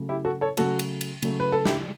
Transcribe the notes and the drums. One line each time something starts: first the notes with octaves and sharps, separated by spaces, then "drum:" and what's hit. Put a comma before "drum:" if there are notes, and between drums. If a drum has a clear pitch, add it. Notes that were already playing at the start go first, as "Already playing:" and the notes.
Already playing: C#3 F#3 A3
E4 G4
F#4 A4
A4 C#5
C#3 F#3 A3 F#4 A4, drum: cymbal
drum: cymbal
drum: cymbal
C#3 F#3 A3, drum: cymbal
B4
A4
E4 G4, drum: snare